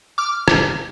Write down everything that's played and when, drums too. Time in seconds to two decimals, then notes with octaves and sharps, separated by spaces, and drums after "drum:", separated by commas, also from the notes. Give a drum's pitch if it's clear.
0.18 D6 F6
0.48 drum: rim click